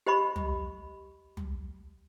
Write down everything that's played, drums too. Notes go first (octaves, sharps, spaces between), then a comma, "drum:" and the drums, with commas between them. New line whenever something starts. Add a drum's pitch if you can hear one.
G4 C5 D#5 B5 C#6
drum: tom
drum: tom